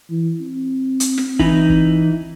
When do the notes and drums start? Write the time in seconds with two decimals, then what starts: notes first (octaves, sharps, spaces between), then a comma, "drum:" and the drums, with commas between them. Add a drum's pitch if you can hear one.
0.10 E3
0.41 C4
1.00 drum: hi-hat
1.17 drum: snare
1.39 E3 D#4 E4, drum: kick
1.70 drum: kick